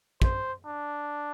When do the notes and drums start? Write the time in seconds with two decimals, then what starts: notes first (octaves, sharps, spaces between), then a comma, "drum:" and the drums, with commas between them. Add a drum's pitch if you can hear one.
0.22 C5, drum: kick
0.66 D4